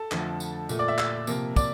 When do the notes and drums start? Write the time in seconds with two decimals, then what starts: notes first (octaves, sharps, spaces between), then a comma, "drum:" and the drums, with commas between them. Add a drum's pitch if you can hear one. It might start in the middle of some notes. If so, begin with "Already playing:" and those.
Already playing: A4 A5
0.11 F2 D3 F3 A3, drum: clap
0.40 drum: tambourine
0.69 A#2 A3, drum: tambourine
0.79 D5 D6
0.88 E5 E6
0.98 E5 E6, drum: clap
1.27 C3 F3 A#3, drum: tambourine
1.56 D5 D6, drum: kick, tambourine